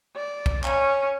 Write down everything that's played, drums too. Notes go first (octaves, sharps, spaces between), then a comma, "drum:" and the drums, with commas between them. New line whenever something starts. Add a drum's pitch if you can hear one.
D5
drum: kick
C#4, drum: clap